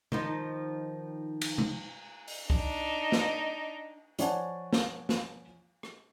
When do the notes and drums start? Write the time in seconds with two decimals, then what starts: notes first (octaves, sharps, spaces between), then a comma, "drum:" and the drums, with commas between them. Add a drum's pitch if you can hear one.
0.12 D#3 F3 D#4, drum: tom C3
1.41 drum: cymbal
1.58 drum: tom C3
2.28 drum: open hi-hat
2.50 D4 D#4, drum: kick C2
3.12 drum: snare
4.19 F3 C#5 D5 F#5 G#5 A5, drum: hi-hat
4.73 drum: snare
5.09 drum: snare
5.83 drum: rim click